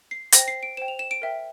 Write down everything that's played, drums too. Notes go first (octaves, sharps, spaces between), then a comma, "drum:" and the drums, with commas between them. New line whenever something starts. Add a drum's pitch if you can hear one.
C7
C5 G5 A#6, drum: hi-hat
C7
D7
C5 G5 E7
F7
E7
D7
A#4 E5 G5